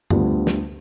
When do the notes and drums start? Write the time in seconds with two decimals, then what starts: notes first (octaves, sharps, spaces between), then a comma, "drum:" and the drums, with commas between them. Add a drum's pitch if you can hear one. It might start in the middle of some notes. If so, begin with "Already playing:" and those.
0.10 D2 D3 G3 B3 F4, drum: tom F#2
0.47 drum: snare